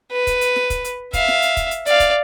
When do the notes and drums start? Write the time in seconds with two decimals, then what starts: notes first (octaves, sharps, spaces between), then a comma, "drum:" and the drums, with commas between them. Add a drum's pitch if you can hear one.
0.11 B4
0.27 drum: kick, hi-hat
0.41 drum: hi-hat
0.56 drum: snare
0.70 drum: kick, hi-hat
0.85 drum: hi-hat
1.13 E5 F5, drum: kick, hi-hat
1.28 drum: snare
1.42 drum: hi-hat
1.57 drum: kick, hi-hat
1.71 drum: hi-hat
1.86 D5 F5, drum: hi-hat
2.00 drum: kick, hi-hat